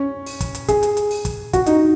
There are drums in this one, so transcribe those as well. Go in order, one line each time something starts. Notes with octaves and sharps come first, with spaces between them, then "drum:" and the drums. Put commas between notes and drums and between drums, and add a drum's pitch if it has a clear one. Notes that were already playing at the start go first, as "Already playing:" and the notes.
Already playing: C#4
drum: open hi-hat
drum: kick, hi-hat
drum: hi-hat
G#4, drum: kick, hi-hat
drum: hi-hat
drum: hi-hat
drum: open hi-hat
drum: kick, hi-hat
F#4, drum: kick, hi-hat
D#4, drum: hi-hat